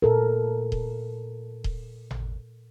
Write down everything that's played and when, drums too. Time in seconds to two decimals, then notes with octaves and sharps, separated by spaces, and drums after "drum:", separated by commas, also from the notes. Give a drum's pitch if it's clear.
0.02 A#2 A4 A#4
0.72 drum: kick D#1
1.64 drum: kick D#1
2.11 drum: tom G#1